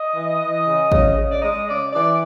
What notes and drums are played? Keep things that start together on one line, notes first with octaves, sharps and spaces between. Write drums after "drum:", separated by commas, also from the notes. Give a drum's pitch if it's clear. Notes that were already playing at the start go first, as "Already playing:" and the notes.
Already playing: D#5
E3
E3
C#3
C#3, drum: kick
C#3
D5
G#3 D#5
C#3 D5
E3 D5